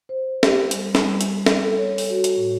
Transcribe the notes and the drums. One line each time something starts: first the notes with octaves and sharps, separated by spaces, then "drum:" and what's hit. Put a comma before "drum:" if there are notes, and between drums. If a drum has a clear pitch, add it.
C5
G4, drum: snare
G3, drum: hi-hat
drum: snare
G3
drum: hi-hat
drum: snare
A4
C#5
drum: open hi-hat
F#4
drum: hi-hat
A2